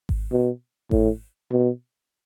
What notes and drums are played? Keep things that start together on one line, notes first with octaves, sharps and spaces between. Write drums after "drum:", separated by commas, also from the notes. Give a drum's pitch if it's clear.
drum: kick G#1
B2
A2, drum: kick G#1
B2